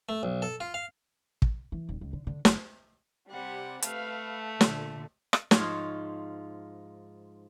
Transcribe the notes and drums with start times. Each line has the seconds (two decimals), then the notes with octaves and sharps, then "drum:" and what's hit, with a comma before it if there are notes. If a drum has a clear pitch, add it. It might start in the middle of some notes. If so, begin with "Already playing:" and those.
0.09 A3
0.23 B1
0.42 A4
0.60 F4
0.74 F5
1.42 drum: kick
1.72 E3
1.89 D#1
2.01 C#2
2.13 D3
2.27 D3
2.45 F#1, drum: snare
3.30 C3 G3 F#5
3.82 A3 B4 F5, drum: hi-hat
4.61 A#2 D3, drum: snare
5.33 drum: rim click
5.51 G#2 F3 F4 C#5, drum: snare